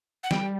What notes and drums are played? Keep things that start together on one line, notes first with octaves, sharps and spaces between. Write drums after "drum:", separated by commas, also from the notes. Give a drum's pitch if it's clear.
F#5
G3 G5, drum: snare